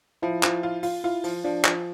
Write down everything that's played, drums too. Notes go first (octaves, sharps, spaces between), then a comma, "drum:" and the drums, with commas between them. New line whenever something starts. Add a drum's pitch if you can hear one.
F3 E4
F3, drum: clap
F4
F4, drum: open hi-hat
E4 F4
F3, drum: open hi-hat
F3 D4
F3, drum: clap